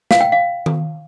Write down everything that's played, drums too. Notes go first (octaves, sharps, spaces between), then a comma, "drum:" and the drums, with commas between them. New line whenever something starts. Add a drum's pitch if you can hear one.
F5, drum: snare
G5
F5
drum: tom D#3